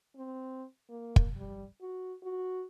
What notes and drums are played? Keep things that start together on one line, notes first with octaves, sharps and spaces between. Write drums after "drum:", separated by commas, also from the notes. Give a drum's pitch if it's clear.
C4
A#3
drum: kick
G3
F#4
F#4